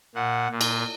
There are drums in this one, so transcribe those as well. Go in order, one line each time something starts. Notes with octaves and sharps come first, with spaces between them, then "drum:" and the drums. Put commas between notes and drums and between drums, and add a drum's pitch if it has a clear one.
A#2 F#5
A#2
drum: cymbal